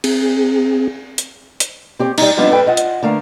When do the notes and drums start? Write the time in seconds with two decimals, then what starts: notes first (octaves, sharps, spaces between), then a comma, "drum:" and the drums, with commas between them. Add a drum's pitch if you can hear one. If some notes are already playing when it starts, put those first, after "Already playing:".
0.04 C4 G#4, drum: cymbal
1.18 drum: hi-hat
1.60 drum: hi-hat
1.99 C4 G4 C#5
2.18 G3 D#4, drum: cymbal
2.37 F3 G3 B3 C4 D4 D#4
2.51 G2 A4 B4 G5
2.66 F4 D#5 F#5
2.77 drum: hi-hat
3.03 D3 A3 A#4 F5